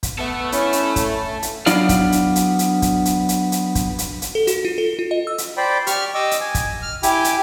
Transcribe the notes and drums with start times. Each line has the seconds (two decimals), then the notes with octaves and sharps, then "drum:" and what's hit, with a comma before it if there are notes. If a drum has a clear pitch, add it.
0.03 drum: kick, hi-hat
0.18 B3 A4 E5
0.52 C#4 E4, drum: hi-hat
0.73 drum: hi-hat
0.96 A3, drum: kick, hi-hat
1.42 drum: hi-hat
1.66 F#3 B3 D4 E4 D5 F5, drum: hi-hat
1.89 drum: kick, hi-hat
2.12 drum: hi-hat
2.36 drum: hi-hat
2.59 drum: hi-hat
2.82 drum: kick, hi-hat
3.05 drum: hi-hat
3.29 drum: hi-hat
3.52 drum: hi-hat
3.75 drum: kick, hi-hat
3.99 drum: hi-hat
4.22 drum: hi-hat
4.35 A4
4.47 F#4, drum: hi-hat
4.65 F4
4.78 A4
4.99 F4
5.11 D#5
5.27 E6
5.38 drum: hi-hat
5.57 C5 D5 G5 B5
5.87 G4 C#6 F6, drum: hi-hat
6.15 D#5 D6 E6
6.31 drum: hi-hat
6.41 G#5
6.55 drum: kick, hi-hat
6.82 F6
7.03 E4 G4 G5 G#5 D6, drum: hi-hat
7.24 drum: hi-hat